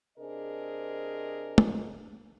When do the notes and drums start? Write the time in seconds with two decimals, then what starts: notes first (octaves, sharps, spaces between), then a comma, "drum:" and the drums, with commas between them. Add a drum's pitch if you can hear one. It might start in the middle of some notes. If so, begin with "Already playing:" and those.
0.18 C3 D4 G#4 A#4 C5 D#5
1.58 drum: tom